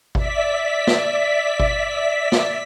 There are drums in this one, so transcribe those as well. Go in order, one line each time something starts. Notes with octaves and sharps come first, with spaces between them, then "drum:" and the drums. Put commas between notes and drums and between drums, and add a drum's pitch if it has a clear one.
D5 E5 B6, drum: kick G#1
drum: snare
drum: kick G#1
drum: snare